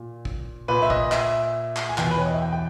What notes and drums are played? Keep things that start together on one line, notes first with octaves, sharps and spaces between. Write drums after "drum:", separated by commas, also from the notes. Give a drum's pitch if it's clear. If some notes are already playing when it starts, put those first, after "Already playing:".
Already playing: A#2
drum: kick
A#2 B4
E5
D#5, drum: kick
E5, drum: clap
drum: clap
G#5
E2 B2 G5, drum: clap
B4
C#5
D#5
E5
G5
G5